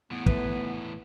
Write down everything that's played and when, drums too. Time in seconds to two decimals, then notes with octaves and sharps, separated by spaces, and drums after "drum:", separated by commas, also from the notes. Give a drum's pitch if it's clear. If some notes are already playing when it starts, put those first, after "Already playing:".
0.11 E2 A2 B3
0.26 A3 B4, drum: kick